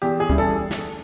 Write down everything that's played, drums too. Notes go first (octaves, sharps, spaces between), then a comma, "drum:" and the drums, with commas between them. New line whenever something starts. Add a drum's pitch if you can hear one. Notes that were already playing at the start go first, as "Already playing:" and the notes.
E2 G4
G#4
C#3 E3 G3, drum: kick
A4
drum: snare